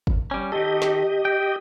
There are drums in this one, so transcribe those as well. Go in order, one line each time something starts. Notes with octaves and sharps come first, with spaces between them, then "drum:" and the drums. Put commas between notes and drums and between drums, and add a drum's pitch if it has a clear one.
drum: kick
G3 C#4
D#3 G4 A4 D#5
drum: snare
G5